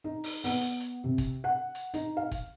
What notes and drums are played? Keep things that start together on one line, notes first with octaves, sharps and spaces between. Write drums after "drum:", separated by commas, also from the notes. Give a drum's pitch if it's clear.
D#4
drum: open hi-hat
B3, drum: open hi-hat
drum: hi-hat
drum: hi-hat
C3
drum: kick, hi-hat
F#5
drum: hi-hat
D#4, drum: hi-hat
F5
drum: kick, hi-hat